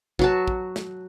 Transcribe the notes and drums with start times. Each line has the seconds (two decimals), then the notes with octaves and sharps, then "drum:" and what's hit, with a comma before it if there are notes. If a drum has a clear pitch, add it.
0.19 F#3 F#4 A5, drum: kick
0.48 drum: kick
0.76 drum: snare